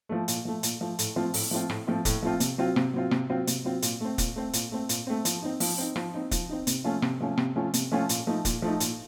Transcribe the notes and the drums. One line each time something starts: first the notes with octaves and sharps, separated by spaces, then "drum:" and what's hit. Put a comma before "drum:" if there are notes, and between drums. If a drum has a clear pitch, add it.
F3 A3
A#2, drum: hi-hat
F3 A3
A#2, drum: hi-hat
F3 A3
A2, drum: hi-hat
F3 A3 C4 F4
A2, drum: open hi-hat
F3 A3 C4 F4
A2, drum: rim click
F3 A3 C4 F4
A2, drum: kick, hi-hat
F3 A3 C4 F4
C3, drum: hi-hat
F#3 C4 F4
C3, drum: rim click
F#3 C4 F4
C3, drum: rim click
F#3 C4 F4
C3, drum: hi-hat
F#3 C4 F4
A#2, drum: hi-hat
A3 C4
A#2, drum: kick, hi-hat
A3 C4
A#2, drum: hi-hat
A3 C4
A#2, drum: hi-hat
A3 C4
F3, drum: hi-hat
C4 D#4
F3, drum: open hi-hat
C4 D#4
F3, drum: rim click
C4 D#4
F3, drum: kick, hi-hat
C4 D#4
C3, drum: hi-hat
F3 A3 C#4 F4
C3, drum: rim click
F3 A3 C#4 F4
C3, drum: rim click
F3 A3 C#4 F4
C3, drum: hi-hat
F3 A3 C#4 F4
A#2, drum: hi-hat
F3 A3 D#4
A#2, drum: kick, hi-hat
F3 A3 D#4
A#2, drum: hi-hat